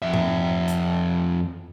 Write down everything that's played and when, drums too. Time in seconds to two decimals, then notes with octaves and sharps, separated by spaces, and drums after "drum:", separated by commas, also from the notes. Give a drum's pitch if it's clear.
0.02 F2 E5
0.14 drum: tom G#2
0.68 drum: hi-hat